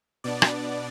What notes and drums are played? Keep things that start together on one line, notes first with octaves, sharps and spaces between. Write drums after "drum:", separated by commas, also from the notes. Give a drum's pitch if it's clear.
B2 B3 D4 D5
drum: rim click